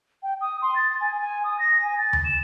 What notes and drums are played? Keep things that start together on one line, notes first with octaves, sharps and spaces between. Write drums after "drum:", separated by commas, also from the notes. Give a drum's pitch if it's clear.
G5
D#6
C6
A6
G#5
G#5
D#6
A#6
G#5
A6
drum: tom D#2
E7